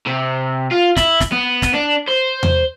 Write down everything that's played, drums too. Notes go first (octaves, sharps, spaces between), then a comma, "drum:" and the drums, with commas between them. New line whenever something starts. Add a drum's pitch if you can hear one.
C3
F4
E4, drum: snare
drum: snare
B3
drum: snare
D4
C5
drum: tom E2